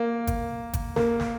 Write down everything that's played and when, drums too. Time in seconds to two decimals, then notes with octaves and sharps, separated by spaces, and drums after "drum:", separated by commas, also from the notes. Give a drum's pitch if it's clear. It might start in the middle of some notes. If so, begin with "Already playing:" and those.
Already playing: A#3
0.27 drum: kick, hi-hat
0.73 drum: kick, hi-hat
0.96 A#3, drum: snare
1.20 drum: snare